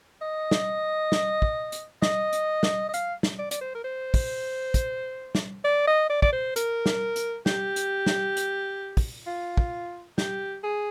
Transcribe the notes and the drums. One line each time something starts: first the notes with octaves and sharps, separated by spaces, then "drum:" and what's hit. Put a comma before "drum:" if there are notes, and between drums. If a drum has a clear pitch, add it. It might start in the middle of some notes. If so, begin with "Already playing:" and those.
D#5
drum: snare
drum: snare
drum: kick
drum: hi-hat
D#5, drum: snare
drum: hi-hat
drum: snare
D#5
F5, drum: hi-hat
drum: snare
D5
D5, drum: hi-hat
C5
A#4
C5
drum: kick, open hi-hat
drum: kick, hi-hat
drum: snare
D5
D#5
D5
D5, drum: kick
C5
A#4, drum: hi-hat
drum: snare
drum: hi-hat
G4, drum: snare
drum: hi-hat
drum: snare
drum: hi-hat
drum: kick, open hi-hat
F4
drum: kick
G4, drum: snare
G#4